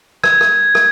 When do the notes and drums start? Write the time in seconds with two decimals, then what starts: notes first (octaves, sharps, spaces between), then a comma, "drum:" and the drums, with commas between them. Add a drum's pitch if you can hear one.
0.24 G#6, drum: rim click
0.41 drum: rim click
0.75 drum: rim click